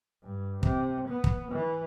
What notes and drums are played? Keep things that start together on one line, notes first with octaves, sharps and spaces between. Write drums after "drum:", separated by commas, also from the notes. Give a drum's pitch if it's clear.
G2
C3, drum: kick
B3
drum: kick
E3